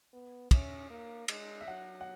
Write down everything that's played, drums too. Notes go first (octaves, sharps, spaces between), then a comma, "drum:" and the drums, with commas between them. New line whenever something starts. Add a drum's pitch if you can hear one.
B3
C#4 E5, drum: kick, cymbal
A#3
G#3, drum: cymbal
E5
F#3 F#5
F#5